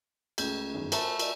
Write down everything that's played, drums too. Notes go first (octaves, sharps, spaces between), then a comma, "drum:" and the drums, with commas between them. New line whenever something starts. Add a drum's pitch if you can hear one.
C#2 A3 C#4 G#4 G6, drum: cymbal
G1 F#2 D#3
F#3 A3 A#4 C5 G#5 A5, drum: cymbal
D5 D#5 G#5, drum: cymbal